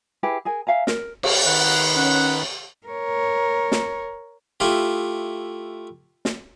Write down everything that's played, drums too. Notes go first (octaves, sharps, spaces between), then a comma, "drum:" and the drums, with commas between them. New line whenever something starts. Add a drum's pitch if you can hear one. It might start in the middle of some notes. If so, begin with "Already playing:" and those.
E4 G4 G#4 B4
G#4 A#4 G#5
E5 F5 G#5 A#5
A#4, drum: snare
drum: cymbal
D#3 B4 F#5
C#4 F#5
A#4 C#5
drum: snare
A3 E4 F4 G4
drum: snare